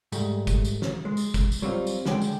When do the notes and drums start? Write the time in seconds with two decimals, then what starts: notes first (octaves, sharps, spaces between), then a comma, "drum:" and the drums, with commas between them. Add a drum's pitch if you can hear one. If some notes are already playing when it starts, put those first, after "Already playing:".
0.12 G#2 G3 A3, drum: tambourine
0.47 drum: kick, tambourine
0.65 drum: tambourine
0.82 drum: snare
1.05 G#3
1.17 drum: tambourine
1.34 drum: kick, tambourine
1.52 drum: tambourine
1.62 F#3 G3 C4 F4
1.87 drum: tambourine
2.05 D3 G#3 G5, drum: snare
2.22 drum: tambourine